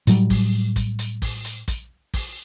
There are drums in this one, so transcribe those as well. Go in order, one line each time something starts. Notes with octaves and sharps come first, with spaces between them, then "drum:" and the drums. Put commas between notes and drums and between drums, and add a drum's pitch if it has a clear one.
A2 F#3 G3, drum: hi-hat
drum: kick, open hi-hat
drum: kick, hi-hat
drum: hi-hat
drum: kick, open hi-hat
drum: hi-hat
drum: kick, hi-hat
drum: kick, open hi-hat